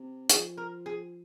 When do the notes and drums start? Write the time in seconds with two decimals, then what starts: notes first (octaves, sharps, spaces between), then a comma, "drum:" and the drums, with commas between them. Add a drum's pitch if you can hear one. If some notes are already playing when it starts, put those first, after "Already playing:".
Already playing: C3
0.29 F3 G#4, drum: hi-hat
0.57 A#4
0.86 G#4